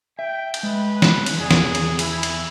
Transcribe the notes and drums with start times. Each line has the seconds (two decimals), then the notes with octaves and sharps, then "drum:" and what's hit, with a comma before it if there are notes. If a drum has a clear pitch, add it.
0.19 E5 G5
0.54 drum: cymbal
0.63 G#3 B4
1.02 drum: snare
1.26 drum: cymbal
1.40 E2 G#4 D5
1.51 drum: snare
1.75 drum: cymbal
1.99 E4, drum: cymbal
2.23 drum: cymbal